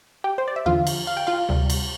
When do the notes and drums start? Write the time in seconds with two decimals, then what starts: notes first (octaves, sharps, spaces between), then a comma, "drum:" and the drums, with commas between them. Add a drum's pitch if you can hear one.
0.24 G4 G5
0.38 C5
0.48 D5
0.56 E5
0.66 E2 D3 F3 F4 F5
0.87 drum: cymbal
1.07 F5
1.17 G5
1.27 F4 F5
1.49 D2 C3 G3
1.70 drum: cymbal